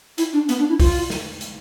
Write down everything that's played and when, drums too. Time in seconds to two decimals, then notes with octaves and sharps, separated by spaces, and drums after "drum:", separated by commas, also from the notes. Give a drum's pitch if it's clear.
0.18 E4, drum: hi-hat
0.33 D4
0.49 B3, drum: hi-hat
0.59 D4
0.69 E4
0.80 F4, drum: kick B1, open hi-hat
1.10 drum: snare
1.41 drum: hi-hat